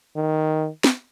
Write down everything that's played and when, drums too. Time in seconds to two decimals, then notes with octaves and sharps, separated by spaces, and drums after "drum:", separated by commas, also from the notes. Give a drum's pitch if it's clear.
0.16 D#3
0.84 drum: snare